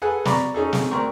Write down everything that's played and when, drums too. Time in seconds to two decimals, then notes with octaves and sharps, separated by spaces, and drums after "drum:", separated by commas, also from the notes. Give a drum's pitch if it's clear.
0.02 G#4 A4 B4 F#5 G#5
0.25 D5 A#5 B5 C#6, drum: snare
0.54 C#4 D#4 G#4 A4
0.73 drum: snare
0.91 D2 C4 A#4 C#6